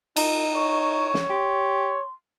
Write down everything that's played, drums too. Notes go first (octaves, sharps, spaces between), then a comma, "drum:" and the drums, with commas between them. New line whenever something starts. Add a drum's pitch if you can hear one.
D#4 F4, drum: cymbal
C#5 C#6
drum: snare
G4 C6